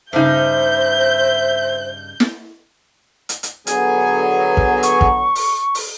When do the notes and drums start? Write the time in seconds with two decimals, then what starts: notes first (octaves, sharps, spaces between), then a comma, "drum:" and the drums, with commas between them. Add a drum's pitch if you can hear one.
0.13 G2 C#3 D#4 C5 E5 G6
2.20 drum: snare
3.29 drum: hi-hat
3.43 drum: hi-hat
3.67 D3 F#3 B3 G#4 G#5, drum: hi-hat
4.57 drum: kick
4.83 C#6, drum: hi-hat
5.01 drum: kick
5.35 drum: open hi-hat
5.75 drum: open hi-hat